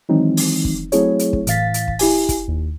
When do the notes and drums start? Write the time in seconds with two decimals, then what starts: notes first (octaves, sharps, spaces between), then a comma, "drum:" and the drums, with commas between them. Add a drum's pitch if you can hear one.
0.09 D#3 E3 F#3 G#3 C4 D#4
0.37 drum: open hi-hat
0.65 drum: kick
0.92 F#3 A3 C4 E4 G#4 C#5, drum: hi-hat
1.19 drum: hi-hat
1.33 drum: kick
1.47 A2 E3 F5 A6 B6, drum: hi-hat
1.74 drum: hi-hat
1.88 drum: kick
1.99 E4 G4 G#5, drum: open hi-hat
2.29 drum: kick, hi-hat
2.48 D#2